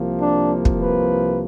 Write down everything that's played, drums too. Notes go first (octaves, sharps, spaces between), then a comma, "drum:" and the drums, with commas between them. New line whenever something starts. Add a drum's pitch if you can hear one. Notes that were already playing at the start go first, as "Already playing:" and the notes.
Already playing: C2 C3 F3 A#3
D4
drum: kick
B4